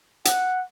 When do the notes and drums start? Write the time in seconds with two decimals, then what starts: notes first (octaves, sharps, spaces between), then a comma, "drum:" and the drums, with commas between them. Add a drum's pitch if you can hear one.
0.25 F#5, drum: hi-hat